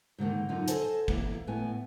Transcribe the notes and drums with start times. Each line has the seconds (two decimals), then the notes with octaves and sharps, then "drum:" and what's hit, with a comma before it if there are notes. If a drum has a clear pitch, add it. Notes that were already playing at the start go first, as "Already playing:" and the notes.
0.18 G#2 D3 D#3 A#3
0.49 F#2 D3 D#4 F4
0.68 A4 C5 D#5 G#5 A5, drum: hi-hat
1.08 E3 A#3, drum: kick
1.47 A2 B3 G#5